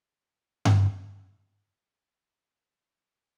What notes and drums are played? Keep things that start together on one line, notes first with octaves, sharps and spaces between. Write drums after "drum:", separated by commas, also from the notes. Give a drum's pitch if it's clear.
A#2 F3 G#3 F#4
drum: tom G2
C3 E3 G3 E4
D3 G3 E4